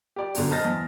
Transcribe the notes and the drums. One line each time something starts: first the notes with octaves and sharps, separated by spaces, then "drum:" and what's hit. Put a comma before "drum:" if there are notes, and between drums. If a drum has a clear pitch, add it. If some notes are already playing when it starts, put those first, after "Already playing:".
G4 D5
F#2 B2 D3, drum: open hi-hat
C5 D#5 A5 F6 A6 A#6
E2